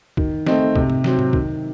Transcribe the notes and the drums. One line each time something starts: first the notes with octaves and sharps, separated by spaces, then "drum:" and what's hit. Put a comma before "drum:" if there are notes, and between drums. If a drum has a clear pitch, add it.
D#3, drum: kick
A3 C4 D#4, drum: snare
C3, drum: kick
drum: tom G#2
F#3 C4, drum: snare
drum: tom G#2
D#3, drum: kick